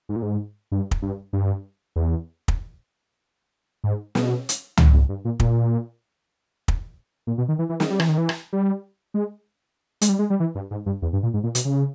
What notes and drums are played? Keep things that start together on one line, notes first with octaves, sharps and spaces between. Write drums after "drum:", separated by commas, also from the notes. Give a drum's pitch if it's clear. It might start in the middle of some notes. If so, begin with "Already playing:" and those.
G#2
A#2
G#2
G2
drum: kick
G2
G2
E2
drum: kick
G#2
B2, drum: snare
drum: hi-hat
E2, drum: tom C#2
E2
G2
A#2
A#2, drum: kick
drum: kick
A#2
B2
D#3
E3
E3
D#3, drum: snare
G3
E3, drum: rim click
D#3
E3
drum: rim click
G3
G#3
G#3, drum: hi-hat
G3
G#3
G3
E3
G2
G#2
G2
E2
G2
A#2
G#2
A#2
B2, drum: hi-hat
C#3